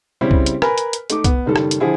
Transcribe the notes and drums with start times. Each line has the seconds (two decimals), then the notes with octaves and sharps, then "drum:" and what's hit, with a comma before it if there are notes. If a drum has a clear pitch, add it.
0.21 C#3 G3 C4 E4 G4
0.31 drum: kick C2
0.46 drum: hi-hat
0.62 A#4 B4 G#5 B5, drum: rim click
0.78 drum: hi-hat
0.93 drum: hi-hat
1.10 A3 D#4 D6, drum: hi-hat
1.24 B3, drum: kick C2, hi-hat
1.46 F#1 D#3 G3 A4
1.56 drum: rim click
1.71 drum: hi-hat
1.80 D3 F3 E4 G#4